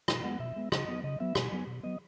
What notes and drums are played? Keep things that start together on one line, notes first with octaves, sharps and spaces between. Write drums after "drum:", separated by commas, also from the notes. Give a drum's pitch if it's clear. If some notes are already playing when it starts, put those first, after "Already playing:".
B2, drum: rim click
G#3 B3 F#5
B2 E5
G#3 B3
C#3 D#5, drum: rim click
F#3 B3
C#3 D#5
F#3 B3 E5
B2 G#5, drum: rim click
F#3 B3
B2
F#3 B3 D#5